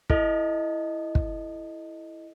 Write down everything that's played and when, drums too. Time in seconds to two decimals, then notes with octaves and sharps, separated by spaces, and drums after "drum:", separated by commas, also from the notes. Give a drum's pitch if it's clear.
0.10 E4 A4 D#5, drum: kick
1.15 drum: kick